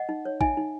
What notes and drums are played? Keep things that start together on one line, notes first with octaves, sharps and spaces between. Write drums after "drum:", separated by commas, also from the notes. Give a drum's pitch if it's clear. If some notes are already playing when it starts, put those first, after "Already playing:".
Already playing: D#5 F#5
D#4
C#5
D#4 E5 G#5, drum: kick A1
D#4